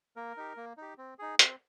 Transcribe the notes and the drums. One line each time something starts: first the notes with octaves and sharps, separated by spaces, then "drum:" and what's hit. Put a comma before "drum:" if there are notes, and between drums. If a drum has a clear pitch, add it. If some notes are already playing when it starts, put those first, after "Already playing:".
A#3 A#4
D#4 G4
A#3
D#4 G4
C4
D#4 G#4
C4, drum: hi-hat